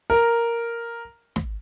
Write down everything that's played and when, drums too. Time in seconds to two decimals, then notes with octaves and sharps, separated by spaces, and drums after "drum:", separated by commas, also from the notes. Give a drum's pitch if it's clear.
0.10 A#4
1.36 drum: snare